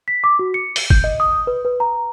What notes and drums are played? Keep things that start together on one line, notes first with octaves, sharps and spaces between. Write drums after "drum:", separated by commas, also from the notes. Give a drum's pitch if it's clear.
B6
D6
F#4
C#7
G7, drum: open hi-hat
G6, drum: kick
D#5
D#6
B4
B4
A#5